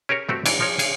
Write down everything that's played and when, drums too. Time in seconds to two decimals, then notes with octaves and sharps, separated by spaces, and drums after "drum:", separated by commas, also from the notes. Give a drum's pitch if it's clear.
0.09 C#4 G4 G#4 A#4 C#5
0.29 G2 A3 C4 F#4 G4
0.46 G#2 E3 D4 D5, drum: cymbal
0.60 F3 A#4 C#5
0.79 G#4, drum: cymbal